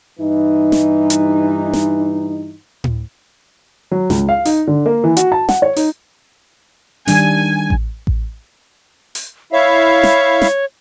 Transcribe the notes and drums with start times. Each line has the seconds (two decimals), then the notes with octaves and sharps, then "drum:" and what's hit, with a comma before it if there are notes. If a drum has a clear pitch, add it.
0.19 G2 E3 D#4
0.72 drum: snare
1.10 drum: hi-hat
1.73 drum: snare
2.84 drum: tom A2
3.91 F#3
4.10 C#2, drum: snare
4.29 F5
4.45 D#4, drum: open hi-hat
4.67 D3
4.86 A#3
5.04 E3
5.17 F#4, drum: hi-hat
5.32 A5
5.49 F#5, drum: snare
5.62 C#5
5.76 D#4, drum: open hi-hat
7.08 D#3 G3 D4 G#5, drum: open hi-hat
7.70 drum: kick A1
8.07 drum: kick A1
9.15 drum: open hi-hat
9.52 E4 C#5 E5 F5
10.03 drum: snare
10.42 drum: snare